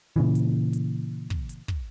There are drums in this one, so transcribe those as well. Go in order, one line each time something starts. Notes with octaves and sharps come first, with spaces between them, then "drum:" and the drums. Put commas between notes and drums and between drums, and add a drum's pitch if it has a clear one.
A#2 C#3 E3
drum: hi-hat
drum: hi-hat
drum: kick
drum: hi-hat
drum: kick